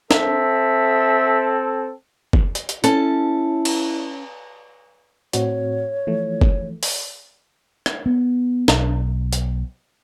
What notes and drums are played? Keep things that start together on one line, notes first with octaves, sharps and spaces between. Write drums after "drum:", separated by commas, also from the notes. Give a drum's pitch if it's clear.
C4 A4 E5, drum: snare
drum: kick
drum: hi-hat
drum: hi-hat
C#4 E4 A4 A5, drum: hi-hat
drum: cymbal
A2 C4 F#4 C#5, drum: hi-hat
E3 F3 A3
drum: kick
drum: open hi-hat
drum: rim click
B3
B1, drum: snare
drum: hi-hat